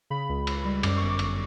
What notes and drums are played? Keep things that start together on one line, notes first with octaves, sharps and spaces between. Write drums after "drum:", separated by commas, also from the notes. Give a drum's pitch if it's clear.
C#3 B5
C#2
C#2, drum: cymbal
G3
F#2 D6, drum: cymbal
G1 C#6
D6
G1, drum: cymbal